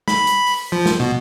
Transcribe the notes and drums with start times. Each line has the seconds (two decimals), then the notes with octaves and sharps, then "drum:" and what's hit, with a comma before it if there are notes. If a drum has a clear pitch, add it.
0.08 B5, drum: snare
0.27 drum: hi-hat
0.47 drum: open hi-hat
0.72 F3
0.86 drum: snare
1.00 B2